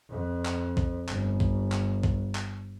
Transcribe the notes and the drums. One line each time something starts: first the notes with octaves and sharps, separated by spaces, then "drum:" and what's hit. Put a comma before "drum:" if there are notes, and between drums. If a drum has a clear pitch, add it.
F2
drum: clap
drum: kick A#1
G1, drum: clap
drum: kick A#1
drum: clap
drum: kick A#1
drum: clap